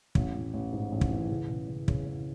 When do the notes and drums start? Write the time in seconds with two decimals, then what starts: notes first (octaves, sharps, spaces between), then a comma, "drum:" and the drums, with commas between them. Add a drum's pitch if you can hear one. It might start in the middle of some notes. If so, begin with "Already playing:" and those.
0.15 A1, drum: kick
0.34 A1
0.54 A1
0.73 G#2
0.92 A1
1.01 drum: kick
1.11 E3
1.30 C#3
1.49 C#3
1.68 C#3
1.88 C#3, drum: kick
2.07 C#3